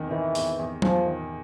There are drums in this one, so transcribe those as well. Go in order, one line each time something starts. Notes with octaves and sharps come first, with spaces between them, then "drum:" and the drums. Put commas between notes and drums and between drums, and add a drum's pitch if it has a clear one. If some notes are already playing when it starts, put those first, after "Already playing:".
Already playing: E2 C3 D#3
D#3 E3
E2, drum: open hi-hat
E2
E2 F3, drum: tom F#3
D#3